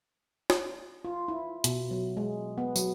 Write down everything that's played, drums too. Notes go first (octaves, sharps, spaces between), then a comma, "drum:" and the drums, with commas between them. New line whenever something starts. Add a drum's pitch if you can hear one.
drum: snare
F4
E4
B2, drum: hi-hat
F#3
G#3
B3
F#3, drum: tambourine